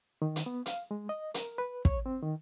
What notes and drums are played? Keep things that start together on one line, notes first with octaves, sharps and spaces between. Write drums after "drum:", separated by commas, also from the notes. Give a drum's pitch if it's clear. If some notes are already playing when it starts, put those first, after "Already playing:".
D#3
drum: hi-hat
B3
F5, drum: hi-hat
G#3
D#5
A#4, drum: hi-hat
B4
C#5, drum: kick
C4
D#3